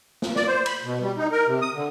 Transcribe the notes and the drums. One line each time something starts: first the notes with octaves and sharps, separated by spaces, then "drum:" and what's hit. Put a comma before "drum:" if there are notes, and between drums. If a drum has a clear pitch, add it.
drum: snare
D5, drum: snare
C5
B5, drum: cymbal
B2
G3
D#4
A#4
C3
D#6
D3